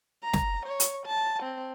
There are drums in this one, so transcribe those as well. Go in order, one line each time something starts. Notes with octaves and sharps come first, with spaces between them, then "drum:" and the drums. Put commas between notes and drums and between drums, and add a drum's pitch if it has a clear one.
A#5
drum: snare
C#5
drum: hi-hat
A5
C4